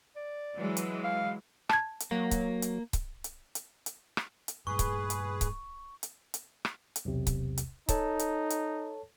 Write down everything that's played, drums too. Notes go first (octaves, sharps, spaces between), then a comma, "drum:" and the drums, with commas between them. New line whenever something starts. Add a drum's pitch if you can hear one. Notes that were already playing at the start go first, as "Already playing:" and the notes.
D5
E3 F#3 G#3
drum: hi-hat
F5
A5 G#6, drum: rim click
drum: hi-hat
F#3 A#3
drum: kick C#1, hi-hat
drum: hi-hat
drum: kick C#1, hi-hat
drum: hi-hat
drum: hi-hat
drum: hi-hat
drum: rim click
drum: hi-hat
G2 A#2 G#4 B4 C#6
drum: kick C#1, hi-hat
drum: hi-hat
drum: kick C#1, hi-hat
drum: hi-hat
drum: hi-hat
drum: rim click
drum: hi-hat
B1 E2 C3
drum: kick C#1, hi-hat
drum: hi-hat
D#4 A4 C#5 A5, drum: kick C#1, hi-hat
drum: hi-hat
drum: hi-hat